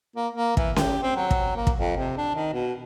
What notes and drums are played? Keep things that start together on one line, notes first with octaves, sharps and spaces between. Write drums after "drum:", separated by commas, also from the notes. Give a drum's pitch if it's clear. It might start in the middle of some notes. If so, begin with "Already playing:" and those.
A#3
A#3
E3, drum: kick
G4, drum: snare C#4
C4
F#3
drum: kick
A#3
drum: kick
F2
C3
D4
D#3
B2